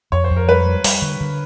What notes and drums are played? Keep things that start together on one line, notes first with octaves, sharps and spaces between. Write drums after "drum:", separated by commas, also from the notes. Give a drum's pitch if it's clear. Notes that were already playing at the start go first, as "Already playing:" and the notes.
F2 C#5
C5
F2
A#4
G3 B4
G3
G3, drum: open hi-hat
D3
D3